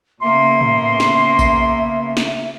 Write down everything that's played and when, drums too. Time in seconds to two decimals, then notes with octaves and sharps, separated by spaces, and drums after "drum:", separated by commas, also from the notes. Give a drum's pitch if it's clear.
0.22 C#3 A#3 B3 E5 C6
0.61 drum: tom A2
1.00 drum: snare
1.39 drum: kick A#1, tambourine
2.17 drum: snare